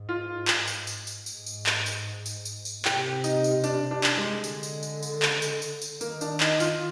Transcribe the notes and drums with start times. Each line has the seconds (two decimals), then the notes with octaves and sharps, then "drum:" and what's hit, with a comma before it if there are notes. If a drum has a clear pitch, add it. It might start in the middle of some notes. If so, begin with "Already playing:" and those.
Already playing: G#2
0.09 F4
0.48 drum: clap
0.67 drum: tambourine
0.87 drum: tambourine
1.07 drum: tambourine
1.26 G#2, drum: tambourine
1.46 drum: tambourine
1.66 drum: clap
1.86 drum: tambourine
2.26 drum: tambourine
2.45 drum: tambourine
2.65 drum: tambourine
2.85 C3 G4, drum: clap
3.24 D#4, drum: tambourine
3.44 drum: tambourine
3.64 D4, drum: tambourine
3.91 D4
4.04 drum: clap
4.17 G#3
4.44 D3, drum: tambourine
4.63 drum: tambourine
4.83 drum: tambourine
5.02 drum: tambourine
5.22 drum: clap
5.42 drum: tambourine
5.62 drum: tambourine
5.82 drum: tambourine
6.01 D#3 A#3, drum: tambourine
6.21 D4, drum: tambourine
6.40 D#4, drum: clap
6.60 F4, drum: tambourine